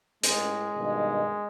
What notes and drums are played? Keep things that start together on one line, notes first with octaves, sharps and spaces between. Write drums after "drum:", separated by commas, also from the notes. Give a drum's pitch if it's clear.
A2 G#3, drum: hi-hat
G2 B2 D#3